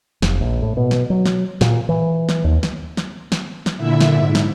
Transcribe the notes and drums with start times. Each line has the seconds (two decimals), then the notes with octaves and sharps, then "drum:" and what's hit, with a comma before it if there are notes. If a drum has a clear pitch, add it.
0.22 F1, drum: snare
0.41 A#1
0.62 A2
0.77 B2
0.91 drum: snare
1.10 F#3
1.26 drum: snare
1.61 A#2, drum: snare
1.89 E3
2.29 drum: snare
2.44 D#2
2.63 drum: snare
2.97 drum: snare
3.32 drum: snare
3.66 drum: snare
3.77 A#2 D3 E4 E5
4.01 drum: snare
4.12 G#2
4.35 drum: snare